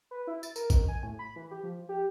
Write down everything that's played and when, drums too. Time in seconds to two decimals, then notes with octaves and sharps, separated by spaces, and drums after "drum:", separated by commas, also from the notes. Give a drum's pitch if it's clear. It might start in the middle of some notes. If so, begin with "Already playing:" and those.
0.11 B4
0.27 E4
0.43 A6, drum: tambourine
0.56 A#4, drum: tambourine
0.70 D#3, drum: kick A1, tambourine
0.88 G#5
1.03 A2
1.19 B5
1.36 E3
1.51 G4
1.63 F3
1.89 G4